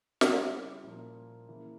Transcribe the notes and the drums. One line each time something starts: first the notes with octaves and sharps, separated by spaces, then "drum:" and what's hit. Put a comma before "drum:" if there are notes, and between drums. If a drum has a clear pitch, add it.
C#3 G3 C#4 E4, drum: snare
A#2 F3 A#3
C#3 E3 A#3 E4